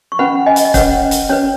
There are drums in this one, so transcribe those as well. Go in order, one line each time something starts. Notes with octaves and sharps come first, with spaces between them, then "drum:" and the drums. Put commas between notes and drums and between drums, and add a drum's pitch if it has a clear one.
C#6
C#4 B4 F#5 B5
D#5 G#5
drum: hi-hat
D#5
C#4 B4 C#5 F#5, drum: kick, hi-hat
drum: hi-hat
C#4 B4 C#5